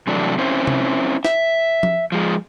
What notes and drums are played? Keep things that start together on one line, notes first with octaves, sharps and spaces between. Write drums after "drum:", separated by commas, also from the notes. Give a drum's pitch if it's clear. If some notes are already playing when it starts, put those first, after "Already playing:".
C3 E3 F#3 A3 D4
C4 C#4 E4 C5
drum: tom C3
E5, drum: snare
drum: tom F3
F3 G#3